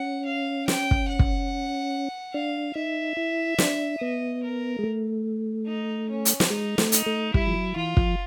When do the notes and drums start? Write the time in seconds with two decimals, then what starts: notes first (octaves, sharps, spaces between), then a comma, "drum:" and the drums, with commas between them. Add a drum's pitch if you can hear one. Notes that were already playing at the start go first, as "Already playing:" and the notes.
Already playing: C#4 F#5
0.25 F5
0.68 G5, drum: snare
0.91 drum: kick
1.08 F#5
1.19 drum: kick
2.34 D4 F5
2.75 D#4 E5
3.17 E4
3.58 D4, drum: snare
4.00 B3 D#5
4.43 A#4
4.79 G#3
4.83 A3
5.67 D#4
6.10 C#4
6.25 drum: hi-hat
6.40 drum: snare
6.50 G#3 D#4
6.78 A3, drum: snare
6.92 D#4, drum: hi-hat
7.06 A3
7.34 G3 E4, drum: kick
7.47 F3
7.54 F#3
7.76 E3 F4
7.97 F3, drum: kick